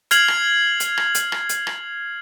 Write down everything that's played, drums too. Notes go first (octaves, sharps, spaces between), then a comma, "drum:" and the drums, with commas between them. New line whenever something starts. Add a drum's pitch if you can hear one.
F6 G#6 C7 F7 F#7, drum: hi-hat
drum: rim click
drum: hi-hat
drum: rim click
drum: hi-hat
drum: rim click
drum: hi-hat
drum: rim click